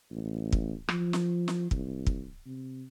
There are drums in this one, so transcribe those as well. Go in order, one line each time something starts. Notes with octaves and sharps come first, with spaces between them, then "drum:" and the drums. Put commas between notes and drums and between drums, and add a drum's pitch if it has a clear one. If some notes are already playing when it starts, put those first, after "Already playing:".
A1
drum: kick
F3, drum: rim click
drum: snare
drum: snare
C2, drum: kick
drum: kick
C3